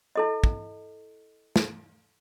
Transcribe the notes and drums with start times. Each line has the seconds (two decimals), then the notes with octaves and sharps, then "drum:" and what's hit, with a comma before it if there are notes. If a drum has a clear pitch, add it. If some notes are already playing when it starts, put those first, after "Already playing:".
0.16 E4 A4 D#5
0.44 drum: kick
1.56 drum: snare